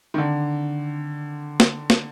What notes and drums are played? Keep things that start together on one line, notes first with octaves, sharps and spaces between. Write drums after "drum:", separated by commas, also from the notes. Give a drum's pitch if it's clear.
D#3
D3
drum: snare
drum: snare